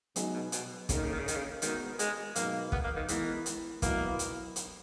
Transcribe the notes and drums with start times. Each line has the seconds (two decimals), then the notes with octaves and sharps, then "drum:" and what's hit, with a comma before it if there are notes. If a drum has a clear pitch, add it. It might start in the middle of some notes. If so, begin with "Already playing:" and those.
0.16 C#3 F#3 B3 D#4 G#4, drum: hi-hat
0.34 B2
0.52 B2, drum: hi-hat
0.89 A#2 C#3 A#3 D#4 A#4, drum: kick, hi-hat
0.97 D#3
1.04 C#3
1.12 D#3
1.20 C#3
1.28 D#3, drum: hi-hat
1.36 C#3
1.62 D#3 G#3 B3 F#4 A#4, drum: hi-hat
1.99 G#3, drum: hi-hat
2.35 B2 F#3 A#3 B3 D#4 A#4, drum: hi-hat
2.72 B3, drum: kick
2.84 A#3
2.96 D#3
3.08 E3 G#3 B3 E4 A#4, drum: hi-hat
3.46 drum: hi-hat
3.82 B2 F#3 A#3 B3 E4 A#4, drum: kick, hi-hat
4.19 drum: hi-hat
4.56 drum: hi-hat